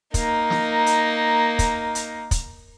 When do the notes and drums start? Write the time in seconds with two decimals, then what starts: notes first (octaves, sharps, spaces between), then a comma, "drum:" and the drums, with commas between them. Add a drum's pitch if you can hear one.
0.14 A#3 D#4, drum: kick, hi-hat
0.50 drum: snare
0.86 drum: hi-hat
1.59 drum: kick, hi-hat
1.95 drum: hi-hat
2.31 drum: kick, hi-hat